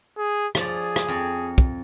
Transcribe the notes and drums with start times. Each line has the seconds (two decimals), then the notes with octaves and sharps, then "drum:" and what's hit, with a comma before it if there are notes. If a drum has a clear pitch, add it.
0.18 G#4
0.55 F3 G#4 C#5 D5, drum: rim click
0.96 drum: rim click
1.08 F2
1.58 drum: kick